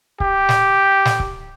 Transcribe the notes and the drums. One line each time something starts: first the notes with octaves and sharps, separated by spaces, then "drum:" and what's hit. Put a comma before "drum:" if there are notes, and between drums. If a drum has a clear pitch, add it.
G4, drum: kick C#1
drum: snare
drum: snare
drum: kick C#1